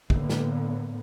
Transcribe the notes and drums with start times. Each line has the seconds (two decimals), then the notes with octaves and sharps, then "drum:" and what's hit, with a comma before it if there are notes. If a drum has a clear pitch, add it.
0.10 A2 D3 A#3 B3, drum: kick
0.29 drum: snare